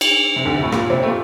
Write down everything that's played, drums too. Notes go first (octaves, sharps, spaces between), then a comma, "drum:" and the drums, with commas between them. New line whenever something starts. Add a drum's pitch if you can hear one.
drum: cymbal
C3
D2 D3
C3
A2 A3
A#2 A#3, drum: rim click
C3 C4
A3
A#2 A#3